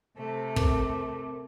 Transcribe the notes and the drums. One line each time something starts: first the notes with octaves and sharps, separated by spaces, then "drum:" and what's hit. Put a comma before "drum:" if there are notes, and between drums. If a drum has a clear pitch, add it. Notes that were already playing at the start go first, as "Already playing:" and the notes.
C3 A3
C4 A#4 D6, drum: kick